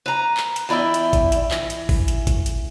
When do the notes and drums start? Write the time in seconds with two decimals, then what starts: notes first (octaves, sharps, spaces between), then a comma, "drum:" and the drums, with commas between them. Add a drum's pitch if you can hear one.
0.06 B4 A#5
0.37 drum: clap
0.56 drum: hi-hat
0.69 E2 E4 D5 E5 G5
0.94 drum: hi-hat
1.13 drum: kick G#1, hi-hat
1.32 drum: hi-hat
1.51 E3, drum: clap
1.70 drum: hi-hat
1.89 drum: kick G#1, open hi-hat
2.08 drum: hi-hat
2.27 drum: kick G#1, hi-hat
2.46 drum: hi-hat